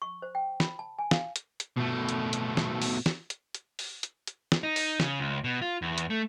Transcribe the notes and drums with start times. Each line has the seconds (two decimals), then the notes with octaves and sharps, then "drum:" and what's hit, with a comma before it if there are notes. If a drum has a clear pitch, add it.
0.02 C#6
0.22 C5
0.35 G5
0.60 B5, drum: snare
0.79 A5
0.99 G#5
1.11 F5, drum: snare
1.36 drum: hi-hat
1.60 drum: hi-hat
1.77 B2 A3
2.09 drum: hi-hat
2.33 drum: hi-hat
2.57 drum: snare
2.82 drum: open hi-hat
3.06 drum: snare
3.30 drum: hi-hat
3.55 drum: hi-hat
3.79 drum: open hi-hat
4.03 drum: hi-hat
4.27 drum: hi-hat
4.52 drum: snare
4.63 D#4
4.76 drum: open hi-hat
5.00 C#3, drum: snare
5.20 C#2
5.44 B2
5.62 F4
5.82 E2
5.98 drum: hi-hat
6.10 A3